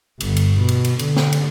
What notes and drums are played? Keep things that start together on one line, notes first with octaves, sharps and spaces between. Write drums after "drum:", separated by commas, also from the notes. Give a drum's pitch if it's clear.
G1, drum: cymbal
drum: cymbal
B2
drum: cymbal
drum: cymbal
D3, drum: cymbal
drum: snare
drum: cymbal